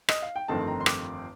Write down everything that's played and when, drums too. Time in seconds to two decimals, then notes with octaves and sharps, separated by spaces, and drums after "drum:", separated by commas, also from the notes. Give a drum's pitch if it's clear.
0.09 D#5, drum: rim click
0.22 F5
0.36 G5
0.48 G1 F2 D#3 A3 C4 A5
0.67 A#5
0.81 C6
0.86 D6, drum: rim click